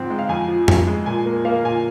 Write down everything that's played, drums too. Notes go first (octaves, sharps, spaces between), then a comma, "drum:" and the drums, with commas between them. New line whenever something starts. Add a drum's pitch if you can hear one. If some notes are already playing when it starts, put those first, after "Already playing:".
Already playing: G#2 F3 C4
G#3
F5
F2 G#5
F3
F2, drum: tom F2
G#3
A#2 G#5
A#3
A#3 F5
A#2 G#5